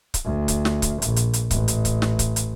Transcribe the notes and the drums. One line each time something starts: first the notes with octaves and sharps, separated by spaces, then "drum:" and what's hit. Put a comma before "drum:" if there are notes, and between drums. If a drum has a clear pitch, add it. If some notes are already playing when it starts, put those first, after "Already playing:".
drum: kick C#1, hi-hat
D2
drum: kick C#1, hi-hat
drum: snare
drum: kick C#1, hi-hat
A#1, drum: hi-hat
drum: hi-hat
drum: hi-hat
A1, drum: kick C#1, hi-hat
drum: hi-hat
drum: kick C#1, hi-hat
drum: snare
drum: kick C#1, hi-hat
drum: hi-hat